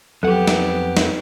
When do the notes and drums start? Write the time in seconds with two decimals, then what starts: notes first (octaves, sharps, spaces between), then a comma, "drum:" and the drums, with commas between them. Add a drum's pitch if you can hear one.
0.23 F2 F#3 B3 G4 A4 F#5
0.47 drum: snare
0.97 drum: snare